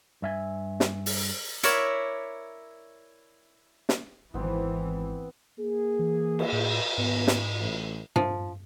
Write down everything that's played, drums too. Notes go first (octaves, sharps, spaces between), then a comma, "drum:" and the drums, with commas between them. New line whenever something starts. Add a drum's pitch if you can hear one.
G2 E5 G#5
drum: snare
drum: open hi-hat
E4 A#4 C#5 D5 E5, drum: hi-hat
drum: snare
G#1 E3 B3 C4
A#3 G#4
E3
drum: cymbal
A2
D#2 G#2 B3
drum: snare
A1
F3, drum: tom G2